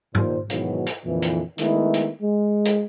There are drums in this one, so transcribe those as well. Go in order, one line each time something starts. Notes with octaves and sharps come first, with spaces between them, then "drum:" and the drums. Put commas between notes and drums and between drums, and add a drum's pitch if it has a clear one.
D#2 A#2 C5, drum: tom G#2
G#2 B2 D#3 E3 F#3 B3, drum: hi-hat
drum: hi-hat
F2 A#2 D3 E3
drum: hi-hat
D#3 G#3 A3 B3 E4, drum: hi-hat
drum: hi-hat
G#3
drum: hi-hat